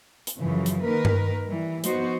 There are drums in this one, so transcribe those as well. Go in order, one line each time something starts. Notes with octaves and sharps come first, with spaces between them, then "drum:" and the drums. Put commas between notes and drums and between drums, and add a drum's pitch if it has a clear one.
drum: hi-hat
F#2 C#3 E3 F3
drum: hi-hat
D#3 A#3 A#4 B4
drum: tom G2
E3 G3
F3 B3 D#4 F#4 C5, drum: hi-hat